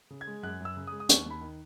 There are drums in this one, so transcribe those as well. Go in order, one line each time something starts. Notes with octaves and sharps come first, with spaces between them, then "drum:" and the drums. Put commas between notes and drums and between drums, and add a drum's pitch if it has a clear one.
C#3
G#6
G#3
F#2 F#6
F#2 E6
C#3
D#6
G#3
D#6
D#2 C#6, drum: hi-hat
D#2 B5
D#3